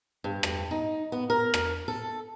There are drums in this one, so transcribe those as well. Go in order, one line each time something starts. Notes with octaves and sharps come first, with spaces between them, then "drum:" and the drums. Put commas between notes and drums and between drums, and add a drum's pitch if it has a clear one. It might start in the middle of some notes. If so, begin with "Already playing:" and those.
G2
drum: rim click
D#4
B3
A#4
drum: rim click
A4